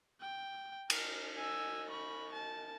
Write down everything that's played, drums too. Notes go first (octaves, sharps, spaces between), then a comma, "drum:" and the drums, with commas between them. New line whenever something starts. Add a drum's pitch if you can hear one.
G5
A#4, drum: cymbal
G#5 E6
B5 C#6
A5